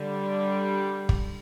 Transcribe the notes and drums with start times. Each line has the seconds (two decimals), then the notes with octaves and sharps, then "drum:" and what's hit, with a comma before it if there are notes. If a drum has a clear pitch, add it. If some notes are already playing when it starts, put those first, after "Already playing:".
Already playing: D3 G3
1.09 drum: kick